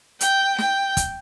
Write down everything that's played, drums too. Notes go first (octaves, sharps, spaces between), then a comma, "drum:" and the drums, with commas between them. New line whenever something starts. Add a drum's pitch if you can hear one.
G5, drum: hi-hat
G5, drum: snare
drum: kick, hi-hat